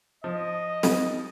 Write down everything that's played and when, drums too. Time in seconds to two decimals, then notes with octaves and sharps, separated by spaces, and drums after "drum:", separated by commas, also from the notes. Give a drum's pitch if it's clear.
0.24 F3 D#5
0.83 drum: snare